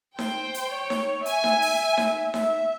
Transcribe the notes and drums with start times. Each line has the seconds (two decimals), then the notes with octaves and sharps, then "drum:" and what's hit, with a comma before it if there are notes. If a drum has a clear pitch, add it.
0.19 C5 G5, drum: snare D#4
0.54 drum: hi-hat
0.72 C#5
0.90 drum: snare D#4
1.26 E5 G#5, drum: hi-hat
1.44 drum: snare D#4
1.62 drum: open hi-hat
1.97 drum: snare D#4
2.34 E5, drum: snare D#4